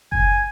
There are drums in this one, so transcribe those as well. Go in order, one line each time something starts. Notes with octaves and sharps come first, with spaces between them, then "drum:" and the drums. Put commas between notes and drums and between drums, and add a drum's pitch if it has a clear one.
G#5, drum: kick F#1